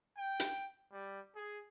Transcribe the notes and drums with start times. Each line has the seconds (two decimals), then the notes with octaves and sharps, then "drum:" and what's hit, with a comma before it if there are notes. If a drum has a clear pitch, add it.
0.17 G5
0.40 drum: hi-hat
0.92 G3
1.36 G#4